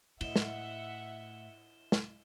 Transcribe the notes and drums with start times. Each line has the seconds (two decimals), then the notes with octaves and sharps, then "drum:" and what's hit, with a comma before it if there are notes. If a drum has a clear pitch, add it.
0.21 A2 E4 D#5 E5 F#5 E7 G7, drum: cymbal
0.36 drum: snare
1.92 drum: snare